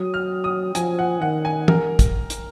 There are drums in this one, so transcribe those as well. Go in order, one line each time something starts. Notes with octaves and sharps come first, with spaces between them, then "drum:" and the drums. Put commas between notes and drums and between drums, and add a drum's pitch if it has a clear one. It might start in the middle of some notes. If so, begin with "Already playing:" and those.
Already playing: F#3 D#6
F6
D#6
F3 G#5, drum: hi-hat
F#5
D#3 F#5
G#5
A#4, drum: tom
drum: kick, hi-hat
drum: hi-hat